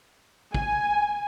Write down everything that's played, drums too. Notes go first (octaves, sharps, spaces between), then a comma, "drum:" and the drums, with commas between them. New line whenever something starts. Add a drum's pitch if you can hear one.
G#5, drum: kick